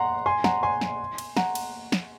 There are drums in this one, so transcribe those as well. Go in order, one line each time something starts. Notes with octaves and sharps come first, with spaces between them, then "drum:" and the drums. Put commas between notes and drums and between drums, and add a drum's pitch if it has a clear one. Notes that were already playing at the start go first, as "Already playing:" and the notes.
Already playing: F#5 A#5 C6
G#5 C6
F#5 A#5, drum: snare
G#5 C6
drum: snare
drum: cymbal
F#5 A#5, drum: snare
drum: cymbal
drum: snare